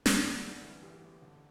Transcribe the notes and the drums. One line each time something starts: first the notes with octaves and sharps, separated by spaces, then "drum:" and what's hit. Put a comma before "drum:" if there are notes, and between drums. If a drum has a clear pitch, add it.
D2 D4, drum: snare
D2
G1
E3
A1 G4
A1
D3